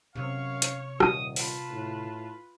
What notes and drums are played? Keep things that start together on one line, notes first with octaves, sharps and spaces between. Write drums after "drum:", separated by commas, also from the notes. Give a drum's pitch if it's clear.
F#2 C3 C#5 F5 C#6
drum: hi-hat
D#1 D#6, drum: rim click
F4 B4 A5, drum: open hi-hat
A2